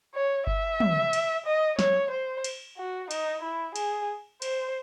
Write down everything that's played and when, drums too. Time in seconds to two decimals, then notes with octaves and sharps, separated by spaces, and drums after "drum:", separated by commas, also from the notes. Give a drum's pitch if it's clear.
0.14 C#5
0.47 E5, drum: kick G1
0.80 drum: tom
1.13 drum: cymbal
1.46 D#5
1.79 C#5, drum: snare
2.11 C5
2.44 drum: cymbal
2.77 F#4
3.11 D#4, drum: cymbal
3.43 E4
3.76 G#4, drum: cymbal
4.42 C5, drum: cymbal